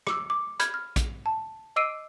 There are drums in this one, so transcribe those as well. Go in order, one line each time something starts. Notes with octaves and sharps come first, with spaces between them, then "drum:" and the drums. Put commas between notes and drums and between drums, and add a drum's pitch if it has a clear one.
D6 E6, drum: rim click
D6
B5 F6 G6 G#6, drum: hi-hat
F6
drum: kick, hi-hat
A5
D#5 D6 E6 C7 D7 D#7